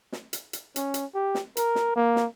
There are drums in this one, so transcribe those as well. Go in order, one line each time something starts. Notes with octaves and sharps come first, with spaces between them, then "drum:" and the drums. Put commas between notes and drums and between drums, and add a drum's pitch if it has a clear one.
drum: snare
drum: hi-hat
drum: hi-hat
C#4, drum: hi-hat
drum: hi-hat
G4
drum: snare
A#4, drum: hi-hat
drum: snare
A#3
drum: snare